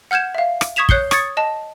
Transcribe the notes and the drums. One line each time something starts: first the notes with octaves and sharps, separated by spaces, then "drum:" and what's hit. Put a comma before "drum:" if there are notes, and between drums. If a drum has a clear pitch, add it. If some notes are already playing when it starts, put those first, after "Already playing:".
F#5 F6 G6 G#6 E7
E5 F5
drum: rim click
C#6 D#6 G#6 B6 E7 F7
C#5 F#6 G6 C7 C#7 G7, drum: kick
C#6 D#6 G#6 A6 C#7, drum: rim click
D#5 A5